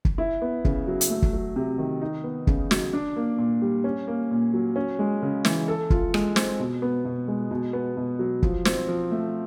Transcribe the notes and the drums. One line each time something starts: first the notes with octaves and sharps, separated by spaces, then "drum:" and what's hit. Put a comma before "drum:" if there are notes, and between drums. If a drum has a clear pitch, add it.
drum: kick
E4
B3
C#3, drum: kick
F#3
drum: hi-hat
A3
drum: kick
F#3
C3
D#3
D#4
B3
C#3, drum: kick
F#3, drum: snare
D4
A#3
A#2
G3
C#4
A#3
A#2
F#3
C#4
G#3
C#3
E3, drum: snare
A4
F4, drum: kick
G#3, drum: rim click
C4, drum: snare
B2
B3
B2
G#3
B2
B3
B2
F#3
F3, drum: kick
C4, drum: snare
F3
A3